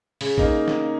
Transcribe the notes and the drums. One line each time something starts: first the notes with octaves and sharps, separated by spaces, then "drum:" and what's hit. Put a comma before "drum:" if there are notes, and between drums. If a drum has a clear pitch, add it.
C#3, drum: open hi-hat
A#3 D#4, drum: kick G#1
drum: snare